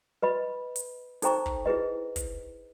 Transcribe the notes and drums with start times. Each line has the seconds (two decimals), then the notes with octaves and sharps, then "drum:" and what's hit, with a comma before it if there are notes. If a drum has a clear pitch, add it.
0.22 B4 D#5 B5
0.76 drum: hi-hat
1.22 D#4 A4 C5 G5 A#5 C#6, drum: hi-hat
1.46 drum: kick
1.66 E4 G#4 B4 D#5
2.16 drum: kick, hi-hat